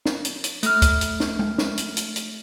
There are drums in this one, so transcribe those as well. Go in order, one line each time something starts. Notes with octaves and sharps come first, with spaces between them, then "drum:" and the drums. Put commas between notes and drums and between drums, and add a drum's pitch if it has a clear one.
drum: snare
drum: hi-hat
drum: hi-hat
A3 F6, drum: hi-hat
drum: kick, hi-hat
drum: hi-hat
drum: snare
drum: tom G#3
drum: snare
drum: hi-hat
drum: hi-hat
drum: hi-hat